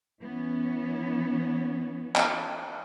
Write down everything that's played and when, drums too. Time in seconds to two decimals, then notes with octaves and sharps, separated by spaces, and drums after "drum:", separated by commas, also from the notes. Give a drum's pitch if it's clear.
0.23 E3 B3 C#4
2.16 drum: clap